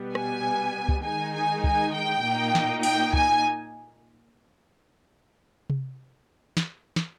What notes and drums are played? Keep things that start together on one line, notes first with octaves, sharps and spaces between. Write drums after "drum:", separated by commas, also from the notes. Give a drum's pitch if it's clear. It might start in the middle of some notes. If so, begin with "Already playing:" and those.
Already playing: B2 G3 B3
G#5, drum: rim click
drum: kick
D#3 G#3 D#4 G#5
G#5
G#5, drum: kick
G5
A#2 A#3 D#4
drum: snare
G5, drum: open hi-hat
G#5, drum: kick
drum: tom C3
drum: snare
drum: snare